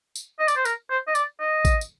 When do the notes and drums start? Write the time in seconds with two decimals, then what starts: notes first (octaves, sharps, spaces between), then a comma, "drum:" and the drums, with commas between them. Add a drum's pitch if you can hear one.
0.15 drum: tambourine
0.39 D#5
0.48 D5, drum: tambourine
0.57 C5
0.65 A#4, drum: tambourine
0.90 C5
1.08 D#5
1.15 D5, drum: tambourine
1.40 D#5
1.65 drum: kick A1, tambourine
1.81 drum: tambourine